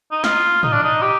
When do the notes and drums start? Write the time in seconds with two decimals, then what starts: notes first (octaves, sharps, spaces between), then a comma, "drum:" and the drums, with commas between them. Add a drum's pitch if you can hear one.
0.12 D#4
0.24 F4, drum: snare
0.63 D#4, drum: tom
0.73 D4
0.83 D#4
1.02 G4